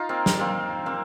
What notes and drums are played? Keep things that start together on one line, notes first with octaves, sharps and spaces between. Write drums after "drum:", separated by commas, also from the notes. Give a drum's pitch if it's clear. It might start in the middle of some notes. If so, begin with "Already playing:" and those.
Already playing: D#4 F4
A#3 C4
drum: snare
A#3 C4
A#3 C4